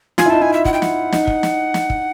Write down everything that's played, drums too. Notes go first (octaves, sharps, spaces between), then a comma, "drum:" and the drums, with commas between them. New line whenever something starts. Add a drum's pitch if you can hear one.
F4 G#5, drum: snare
E4
D#4 A5
E4 G#5
E5
F#5, drum: kick
G5
F#5, drum: snare
D#4, drum: snare
drum: kick
drum: snare
drum: snare
drum: kick